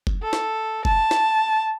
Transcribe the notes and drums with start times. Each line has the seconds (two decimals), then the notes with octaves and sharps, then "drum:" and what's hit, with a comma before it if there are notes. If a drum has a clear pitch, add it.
0.07 drum: kick F#1
0.23 A4
0.33 drum: snare
0.85 A5, drum: kick F#1
1.11 drum: snare